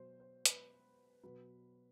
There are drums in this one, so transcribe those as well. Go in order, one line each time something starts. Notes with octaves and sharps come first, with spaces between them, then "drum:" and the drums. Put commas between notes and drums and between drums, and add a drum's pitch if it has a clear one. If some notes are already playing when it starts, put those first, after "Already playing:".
Already playing: B2 F#3 C5
C5
B4, drum: hi-hat
B2 F#3 B4